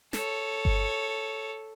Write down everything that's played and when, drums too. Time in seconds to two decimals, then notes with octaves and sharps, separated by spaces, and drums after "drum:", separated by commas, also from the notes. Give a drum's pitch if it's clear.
0.13 A4 C#5, drum: snare
0.65 drum: kick G1